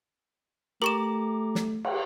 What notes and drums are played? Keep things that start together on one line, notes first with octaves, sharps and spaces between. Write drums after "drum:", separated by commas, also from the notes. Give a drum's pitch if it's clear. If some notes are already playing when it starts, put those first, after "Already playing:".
A3 G4 A#4 A#5 C#6 D6 E7
drum: snare
drum: cymbal